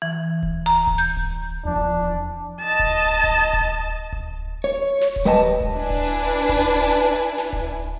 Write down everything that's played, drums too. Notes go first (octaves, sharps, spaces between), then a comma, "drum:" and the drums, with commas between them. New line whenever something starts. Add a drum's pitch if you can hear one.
E3
drum: kick D1
A#5
drum: kick D1
G6
drum: kick D1
E2 F3 D4
drum: kick D1
D#5 A5
drum: kick D1
drum: kick D1
drum: kick D1
drum: kick D1
C#5
drum: snare
drum: kick D1
G3 B4 D#5 G5 A5
drum: kick D1
D4 E4 B4 G#5
drum: kick D1
drum: kick D1
drum: snare
drum: kick D1